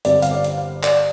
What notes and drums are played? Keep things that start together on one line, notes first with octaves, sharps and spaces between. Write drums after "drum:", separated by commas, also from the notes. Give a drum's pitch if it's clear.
G1 G2 G3 C4 D5, drum: hi-hat
F5, drum: hi-hat
D5
drum: hi-hat
F5
D5, drum: clap